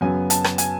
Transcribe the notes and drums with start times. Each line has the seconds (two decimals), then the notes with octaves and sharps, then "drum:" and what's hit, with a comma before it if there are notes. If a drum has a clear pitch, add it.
0.01 F#2 C#3 F#3 B3 G#5
0.30 A5, drum: hi-hat
0.44 drum: rim click
0.58 G#5, drum: hi-hat